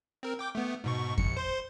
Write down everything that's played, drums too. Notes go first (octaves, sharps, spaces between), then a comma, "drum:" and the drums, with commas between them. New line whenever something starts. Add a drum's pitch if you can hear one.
C4 A#4
G5 D6 G6
A3 B3
G#2 B2 C#6
A#1 C#7, drum: kick F2
C5 C6